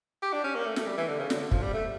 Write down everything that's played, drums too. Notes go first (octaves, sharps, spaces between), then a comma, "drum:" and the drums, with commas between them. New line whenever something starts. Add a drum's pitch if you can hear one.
G4
D4
C#4
A#3
A3
A3, drum: snare
G3
E3
D3
C#3
D3, drum: snare
D3
F3, drum: kick
G3
A3